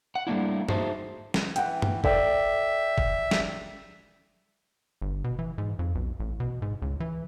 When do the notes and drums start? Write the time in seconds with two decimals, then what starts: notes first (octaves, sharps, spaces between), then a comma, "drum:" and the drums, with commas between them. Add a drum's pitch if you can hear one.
0.15 F#5
0.27 G3 A3 A#3 D4 E4
0.69 D#4 F#4 G#4 C5 E5 A5, drum: tom G2
1.34 drum: snare
1.56 E3 F#5 G5, drum: hi-hat
1.82 drum: tom G2
2.04 A4 D5 E5 G5, drum: kick F#1
2.98 drum: kick F#1
3.31 drum: snare
5.02 G1
5.24 B2
5.39 E3
5.58 G#2
5.79 F2
5.95 B1
6.20 A1
6.40 B2
6.62 G#2
6.82 C#2
7.00 E3